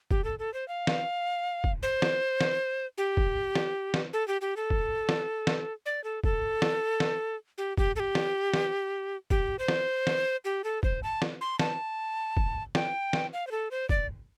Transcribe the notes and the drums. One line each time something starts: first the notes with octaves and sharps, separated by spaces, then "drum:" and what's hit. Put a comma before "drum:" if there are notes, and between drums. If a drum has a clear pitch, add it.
G4, drum: kick
A4
A4
C5
F5
drum: snare
drum: kick
C5
drum: snare
drum: snare
G4
drum: kick
drum: snare
drum: snare
A4
G4
G4
A4
drum: kick
drum: snare
drum: snare
D5
A4
A4, drum: kick
drum: snare
drum: snare
G4
G4, drum: kick
A4
G4
drum: snare
drum: snare
G4, drum: kick
C5
drum: snare
drum: snare
G4
A4
C5, drum: kick
A5
drum: snare
C6
A5, drum: snare
drum: kick
G5, drum: snare
drum: snare
F5
C5
A4
C5
D5, drum: kick